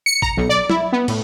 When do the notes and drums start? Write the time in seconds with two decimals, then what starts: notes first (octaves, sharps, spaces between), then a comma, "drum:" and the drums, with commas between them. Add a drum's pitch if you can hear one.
0.06 C#7
0.22 A#5, drum: kick
0.37 B1
0.49 D5
0.70 E4, drum: tom F#3
0.92 B3
1.08 A2, drum: cymbal